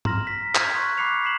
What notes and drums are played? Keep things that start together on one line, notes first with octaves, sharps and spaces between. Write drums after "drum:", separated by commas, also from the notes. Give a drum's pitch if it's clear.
A#5 C6 F6 A#6, drum: tom
B6
F6 G6 G#6 B6, drum: clap
C6 C#6 F#6
B5 D6 F#6 C7 C#7 F7
B6 C7 E7 F#7